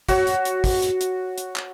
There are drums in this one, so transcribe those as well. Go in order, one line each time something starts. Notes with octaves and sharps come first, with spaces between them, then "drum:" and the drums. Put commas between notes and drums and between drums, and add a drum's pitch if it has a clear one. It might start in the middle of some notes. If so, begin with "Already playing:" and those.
F#4 C#5, drum: kick, hi-hat
drum: hi-hat
drum: hi-hat
drum: kick, open hi-hat
drum: hi-hat
drum: hi-hat
drum: hi-hat
drum: clap